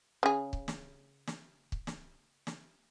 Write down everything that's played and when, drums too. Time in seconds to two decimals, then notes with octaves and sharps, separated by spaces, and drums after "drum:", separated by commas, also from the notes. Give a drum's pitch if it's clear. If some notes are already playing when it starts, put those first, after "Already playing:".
0.23 C#3 G#4
0.53 drum: kick
0.68 drum: snare
1.27 drum: snare
1.72 drum: kick
1.87 drum: snare
2.47 drum: snare